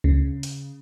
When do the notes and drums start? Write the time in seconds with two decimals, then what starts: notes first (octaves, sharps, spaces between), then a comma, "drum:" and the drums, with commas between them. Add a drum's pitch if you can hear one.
0.04 C#3, drum: kick C#2
0.43 drum: hi-hat